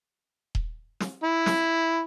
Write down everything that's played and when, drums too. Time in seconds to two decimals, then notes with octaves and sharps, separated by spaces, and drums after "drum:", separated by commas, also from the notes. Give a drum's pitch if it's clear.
0.55 drum: kick D#1
1.00 drum: snare
1.23 E4
1.46 drum: snare